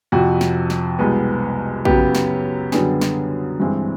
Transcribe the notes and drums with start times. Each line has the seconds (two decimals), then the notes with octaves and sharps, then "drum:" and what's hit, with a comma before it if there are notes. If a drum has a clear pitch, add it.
0.12 F2 C3 F3 F#4
0.41 drum: snare
0.70 drum: snare
0.99 C2 B2 G#3 B3
1.85 F#2 C#3 F#3 B3 G4, drum: kick A#1
2.15 drum: snare
2.72 F#2 D3 G3 B3 G#4, drum: snare
3.01 drum: snare
3.59 G2 E3 G#3 C4